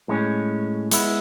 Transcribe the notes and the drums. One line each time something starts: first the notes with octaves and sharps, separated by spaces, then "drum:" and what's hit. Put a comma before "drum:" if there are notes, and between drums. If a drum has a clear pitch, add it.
A2 G#3 C#4
G#3 B3 E4, drum: hi-hat